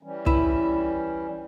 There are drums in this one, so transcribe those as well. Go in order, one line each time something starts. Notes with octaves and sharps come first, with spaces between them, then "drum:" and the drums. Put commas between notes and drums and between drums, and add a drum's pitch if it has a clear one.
E3 G3 C#4
E4 B4, drum: kick